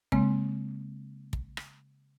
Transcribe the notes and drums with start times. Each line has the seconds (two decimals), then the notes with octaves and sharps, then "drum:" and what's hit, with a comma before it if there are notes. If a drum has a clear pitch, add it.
0.12 C#3 G#3 A#3 C4, drum: kick
1.33 drum: kick
1.57 drum: rim click